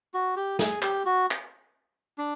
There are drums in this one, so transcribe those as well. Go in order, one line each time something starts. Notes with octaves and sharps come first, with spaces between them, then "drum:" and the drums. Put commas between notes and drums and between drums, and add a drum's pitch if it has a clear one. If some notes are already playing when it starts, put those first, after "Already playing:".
F#4
G4
G#4, drum: snare
G4, drum: clap
F#4
drum: clap
D4